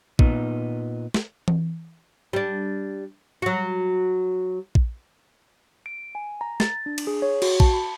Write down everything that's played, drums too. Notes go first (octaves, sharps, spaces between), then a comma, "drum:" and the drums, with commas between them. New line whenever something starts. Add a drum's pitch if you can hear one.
A#2 B3 D#4, drum: kick A#1
drum: snare
drum: tom E3
G3 D4
F#3 F#4
drum: kick A#1
D7
G#5
A#5
A6, drum: snare
D4
drum: cymbal
G#4
C#5
F#4, drum: cymbal
A5, drum: kick A#1
B5